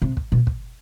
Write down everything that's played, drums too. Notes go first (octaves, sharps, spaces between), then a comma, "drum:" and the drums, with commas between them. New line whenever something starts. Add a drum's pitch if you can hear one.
C3
drum: kick
B2
drum: kick